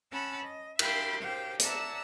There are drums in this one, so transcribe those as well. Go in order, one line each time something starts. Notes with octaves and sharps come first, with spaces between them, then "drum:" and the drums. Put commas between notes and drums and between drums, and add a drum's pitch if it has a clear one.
C#4 F#5 A5 B5 E6
D#5
E5 F5 G5 B5 C6 D6, drum: cymbal
G4 C5 F5 G5
D5 E5 F#5 A5 A#5 E6, drum: hi-hat